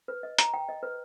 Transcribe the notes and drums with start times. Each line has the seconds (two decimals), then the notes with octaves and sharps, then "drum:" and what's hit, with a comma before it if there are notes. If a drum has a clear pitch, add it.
0.08 B4
0.23 D#5
0.38 A#5, drum: hi-hat
0.54 G5
0.69 D#5
0.83 B4